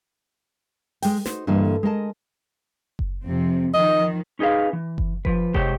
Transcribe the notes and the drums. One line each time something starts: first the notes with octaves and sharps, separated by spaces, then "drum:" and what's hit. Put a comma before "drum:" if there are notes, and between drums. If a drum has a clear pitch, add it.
G#3 G5, drum: open hi-hat
D#4 F#4 C5, drum: snare
G2 D3 E3 A#3 A4 D#5
G#3 A#4 D#5 A5
drum: kick F#1
F2 C3 C4
D#3 F3 D#5
C#4 D#4 G#4 B4 F5
E3
drum: kick F#1
F3 B4, drum: kick F#1
C3 G#3 G4 C5 C#5 G5, drum: kick F#1